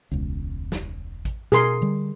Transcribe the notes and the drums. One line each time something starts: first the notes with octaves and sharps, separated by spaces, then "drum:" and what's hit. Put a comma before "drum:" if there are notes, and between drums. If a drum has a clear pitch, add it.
E1 C#2
drum: snare
drum: kick A1, hi-hat
B2 G#4 A#4 C6, drum: snare
D3 G3